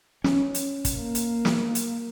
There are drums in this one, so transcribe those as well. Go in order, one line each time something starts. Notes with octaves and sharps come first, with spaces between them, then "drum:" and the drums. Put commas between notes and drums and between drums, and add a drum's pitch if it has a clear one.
C#4, drum: snare
drum: hi-hat
drum: kick, hi-hat
A#3
drum: hi-hat
drum: snare
drum: hi-hat